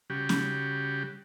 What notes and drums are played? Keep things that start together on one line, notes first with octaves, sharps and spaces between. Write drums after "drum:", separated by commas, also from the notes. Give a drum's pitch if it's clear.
C#3 G3 F#4 G4
drum: snare C#4